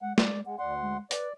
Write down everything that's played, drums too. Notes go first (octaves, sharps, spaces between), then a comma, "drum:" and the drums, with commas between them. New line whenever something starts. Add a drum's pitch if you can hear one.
G#3 F#5
G#3 D5, drum: snare
G#3 F#5
D2 D5 F#5 C6
G#3
B4 D5, drum: hi-hat